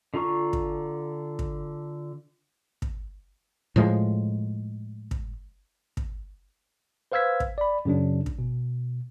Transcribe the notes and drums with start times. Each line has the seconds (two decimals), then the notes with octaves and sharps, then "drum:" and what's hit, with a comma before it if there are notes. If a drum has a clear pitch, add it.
0.14 D3 F4 A#5 C#6
0.53 drum: kick
1.39 drum: kick
2.82 drum: kick
3.76 A2 F3 G#3
5.11 drum: kick
5.97 drum: kick
7.12 B4 C5 F5 E6 G#6 B6
7.40 drum: kick
7.58 D5 B5
7.85 F#2 C#3 F#3 D4
8.26 drum: kick
8.39 B2